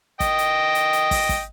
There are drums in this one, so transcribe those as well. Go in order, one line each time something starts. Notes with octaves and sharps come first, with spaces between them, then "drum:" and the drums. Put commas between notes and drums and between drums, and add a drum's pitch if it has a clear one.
D#5 G5, drum: kick, hi-hat
drum: hi-hat
drum: hi-hat
drum: hi-hat
drum: kick, open hi-hat
drum: kick, hi-hat